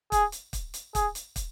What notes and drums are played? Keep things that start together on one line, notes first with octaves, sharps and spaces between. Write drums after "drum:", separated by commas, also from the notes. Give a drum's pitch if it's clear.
G#4, drum: kick, hi-hat
drum: hi-hat
drum: kick, hi-hat
drum: hi-hat
G#4, drum: kick, hi-hat
drum: hi-hat
drum: kick, hi-hat